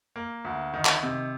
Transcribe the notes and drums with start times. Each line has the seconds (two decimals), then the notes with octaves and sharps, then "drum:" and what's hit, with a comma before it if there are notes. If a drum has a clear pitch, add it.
0.16 A#3
0.45 D2
0.74 D#3
0.85 drum: clap
1.03 C3